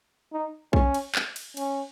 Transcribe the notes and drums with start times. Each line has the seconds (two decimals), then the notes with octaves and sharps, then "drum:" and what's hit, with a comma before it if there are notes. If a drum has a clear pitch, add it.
0.33 D#4
0.73 C#4, drum: kick
0.94 drum: cymbal
1.15 drum: clap
1.36 drum: cymbal
1.57 C#4, drum: cymbal